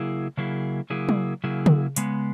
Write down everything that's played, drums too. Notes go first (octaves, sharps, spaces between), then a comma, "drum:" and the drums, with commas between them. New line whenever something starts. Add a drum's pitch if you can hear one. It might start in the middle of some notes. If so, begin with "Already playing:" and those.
Already playing: C#3 F#3 A#3 E4 G#4
C#3 F#3 A#3 E4 G#4
C#3 F#3 A#3 E4 G#4
drum: tom F#3
C#3 F#3 A#3 E4 G#4
drum: tom C#3
C#3 G#3 B3, drum: hi-hat